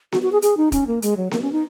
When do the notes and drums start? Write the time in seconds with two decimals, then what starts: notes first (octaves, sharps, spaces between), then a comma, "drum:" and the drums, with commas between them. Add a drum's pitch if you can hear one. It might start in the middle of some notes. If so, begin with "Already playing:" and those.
0.12 F#4, drum: snare B3
0.22 F#4
0.32 G#4
0.42 G#4, drum: hi-hat
0.57 D#4
0.72 C#4, drum: kick, hi-hat
0.87 A#3
1.02 G#3, drum: hi-hat
1.17 F#3
1.31 A#3, drum: snare B3
1.42 C#4
1.52 D#4